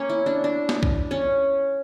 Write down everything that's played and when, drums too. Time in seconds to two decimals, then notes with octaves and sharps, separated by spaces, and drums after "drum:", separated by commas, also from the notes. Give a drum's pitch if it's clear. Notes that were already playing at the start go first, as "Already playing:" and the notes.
Already playing: A#3 C#4
0.09 E4
0.26 D4
0.44 D4
0.69 drum: snare
0.83 drum: kick
1.11 C#4